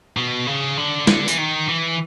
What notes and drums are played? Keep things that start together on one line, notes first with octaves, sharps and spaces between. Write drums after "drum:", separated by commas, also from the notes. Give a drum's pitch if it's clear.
B2
C#3
D3
D3, drum: snare
E3, drum: tambourine
D#3
E3